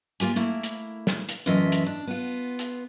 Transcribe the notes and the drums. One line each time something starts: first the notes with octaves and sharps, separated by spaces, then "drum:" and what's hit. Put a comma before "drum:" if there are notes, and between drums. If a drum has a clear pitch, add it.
A#3 F4 G4 G#5, drum: hi-hat
A3 A#3 E4
drum: hi-hat
drum: snare
drum: hi-hat
F#2 A2 E3 F4 D#5 E5
drum: hi-hat
D4
B3 F4
drum: hi-hat